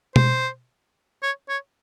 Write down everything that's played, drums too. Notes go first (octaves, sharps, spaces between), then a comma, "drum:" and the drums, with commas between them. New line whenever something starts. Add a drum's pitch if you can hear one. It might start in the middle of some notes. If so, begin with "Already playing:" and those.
C5, drum: tom B2
C#5
C#5